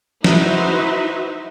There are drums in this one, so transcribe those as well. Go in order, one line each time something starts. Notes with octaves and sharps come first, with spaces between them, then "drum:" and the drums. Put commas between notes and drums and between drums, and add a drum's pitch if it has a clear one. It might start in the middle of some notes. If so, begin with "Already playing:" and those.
D#4 E4 F#4 B4 C5 E5, drum: snare